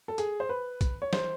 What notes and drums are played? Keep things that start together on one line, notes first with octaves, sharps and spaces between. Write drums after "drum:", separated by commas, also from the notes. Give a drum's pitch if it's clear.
A4
G#4, drum: hi-hat
C5
B4
drum: kick, hi-hat
C#5
C5, drum: snare